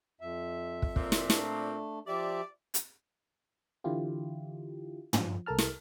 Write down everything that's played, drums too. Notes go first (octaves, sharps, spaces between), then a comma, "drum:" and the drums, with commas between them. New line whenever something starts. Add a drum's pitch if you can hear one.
F2 E5
drum: kick
A#2 C4, drum: kick
drum: snare
A3 D4, drum: snare
F3 G4 D5 E5
drum: hi-hat
D3 E3 E4 F4 G4
F3, drum: tom
C2 A4 A#4 A5 F6
drum: snare